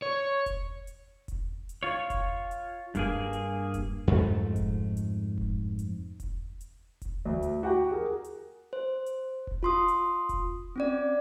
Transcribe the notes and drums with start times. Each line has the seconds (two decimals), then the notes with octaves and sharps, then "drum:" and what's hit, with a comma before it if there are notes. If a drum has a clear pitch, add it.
0.02 C#5
0.46 drum: kick E1, hi-hat
0.87 drum: hi-hat
1.28 drum: kick E1, hi-hat
1.69 drum: hi-hat
1.83 F4 C#5
2.10 drum: kick E1, hi-hat
2.51 drum: hi-hat
2.95 G2 A#3 G#4, drum: kick E1, hi-hat
3.33 drum: hi-hat
3.74 drum: kick E1, hi-hat
4.07 F2 G#2 A3
4.56 drum: kick E1, hi-hat
4.97 drum: hi-hat
5.38 drum: kick E1
5.79 drum: hi-hat
6.20 drum: kick E1, hi-hat
6.61 drum: hi-hat
7.02 drum: kick E1, hi-hat
7.25 D2
7.43 drum: hi-hat
7.63 F#4 G4 F#5 G5
7.91 G#4 A#4
8.24 drum: hi-hat
8.73 C5
9.06 drum: hi-hat
9.47 drum: kick E1
9.63 F4 C6 D#6
9.88 drum: hi-hat
10.29 drum: kick E1, hi-hat
10.76 C4 C#4 D5